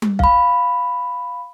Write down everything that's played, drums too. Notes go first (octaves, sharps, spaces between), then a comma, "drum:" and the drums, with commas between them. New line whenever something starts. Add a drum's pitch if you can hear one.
drum: tom G3
F5 B5, drum: kick B1